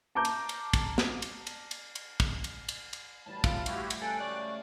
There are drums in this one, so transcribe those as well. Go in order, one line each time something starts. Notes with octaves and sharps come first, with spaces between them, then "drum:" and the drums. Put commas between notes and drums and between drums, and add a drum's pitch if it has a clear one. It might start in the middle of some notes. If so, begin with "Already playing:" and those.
A5 A#5 D6 G6
drum: cymbal
drum: cymbal
drum: kick, cymbal
drum: snare
drum: cymbal
drum: cymbal
drum: cymbal
drum: cymbal
drum: kick, cymbal
drum: cymbal
drum: cymbal
drum: cymbal
A2 E3 G3 A5
F4, drum: kick, cymbal
E4 F#4 G4, drum: cymbal
drum: cymbal
C#3 C#4 A4 G5 G#5 F#6
A3 D5 C#6